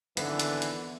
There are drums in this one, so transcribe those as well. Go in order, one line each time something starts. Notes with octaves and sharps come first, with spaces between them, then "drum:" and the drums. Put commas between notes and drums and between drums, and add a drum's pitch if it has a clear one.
G#1 D3 E3 B3, drum: hi-hat
drum: hi-hat
drum: hi-hat